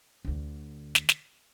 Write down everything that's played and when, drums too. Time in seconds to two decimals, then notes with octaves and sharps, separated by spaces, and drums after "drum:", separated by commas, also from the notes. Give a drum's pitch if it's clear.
0.25 D2 D3
0.95 drum: snare
1.09 drum: snare